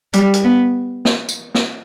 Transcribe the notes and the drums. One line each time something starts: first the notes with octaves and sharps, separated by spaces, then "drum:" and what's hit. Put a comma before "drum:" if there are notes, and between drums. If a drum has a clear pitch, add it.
G3, drum: hi-hat
drum: hi-hat
B3
drum: snare
drum: tambourine
drum: snare